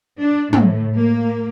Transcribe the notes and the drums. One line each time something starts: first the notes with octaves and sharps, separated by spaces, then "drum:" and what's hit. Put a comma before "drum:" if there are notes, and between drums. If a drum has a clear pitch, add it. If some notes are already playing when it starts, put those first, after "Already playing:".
D4
A2, drum: tom
A#3